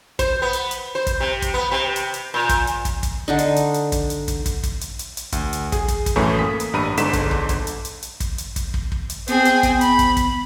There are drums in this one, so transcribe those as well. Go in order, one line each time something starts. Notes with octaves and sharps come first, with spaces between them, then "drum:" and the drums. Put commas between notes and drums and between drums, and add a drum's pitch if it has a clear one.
C5, drum: kick, hi-hat
B3
drum: hi-hat
drum: hi-hat
C5
drum: kick, hi-hat
C3
drum: kick, hi-hat
B3
C3
drum: hi-hat
drum: hi-hat
A#2
drum: kick, hi-hat
drum: hi-hat
drum: kick, hi-hat
drum: kick, hi-hat
D3 D4 D#4
drum: hi-hat
drum: hi-hat
drum: hi-hat
drum: kick, hi-hat
drum: hi-hat
drum: kick, hi-hat
drum: kick, hi-hat
drum: kick, hi-hat
drum: hi-hat
drum: hi-hat
drum: hi-hat
D2, drum: kick, hi-hat
drum: hi-hat
G#4, drum: kick, hi-hat
drum: kick, hi-hat
drum: kick, hi-hat
F#2 A2 E3 A3 C#4
A#3 D#6 B6
drum: hi-hat
A1 G2 A#5 B5 D#7
G1 G#2 D3 B6 E7, drum: hi-hat
drum: kick, hi-hat
drum: kick
drum: kick, hi-hat
drum: hi-hat
drum: hi-hat
drum: hi-hat
drum: kick, hi-hat
drum: hi-hat
drum: kick, hi-hat
drum: kick
drum: kick
drum: hi-hat
B3 C4 G#4 G5, drum: hi-hat
drum: hi-hat
drum: kick, hi-hat
B5, drum: hi-hat
drum: kick, hi-hat
drum: kick, hi-hat